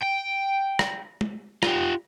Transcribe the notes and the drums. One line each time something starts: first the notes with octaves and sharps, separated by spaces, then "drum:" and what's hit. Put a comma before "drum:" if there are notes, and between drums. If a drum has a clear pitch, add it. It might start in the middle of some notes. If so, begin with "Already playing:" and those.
G5
drum: rim click
drum: tom
F4 G4, drum: rim click